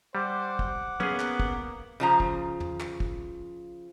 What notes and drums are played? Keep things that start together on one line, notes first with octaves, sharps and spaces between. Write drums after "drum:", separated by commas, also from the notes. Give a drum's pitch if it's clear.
G3 C5 F#5 D6
drum: kick
A#3 B3 C#4 G#4, drum: tom
drum: clap
drum: kick
C#3 F3 A#5
drum: kick
drum: tom
drum: clap
drum: kick